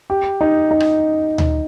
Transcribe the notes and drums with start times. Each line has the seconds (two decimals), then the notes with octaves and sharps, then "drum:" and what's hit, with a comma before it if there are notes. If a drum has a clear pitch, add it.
0.10 G4
0.41 D#4
0.71 D#4
0.80 drum: rim click
1.38 drum: tom D2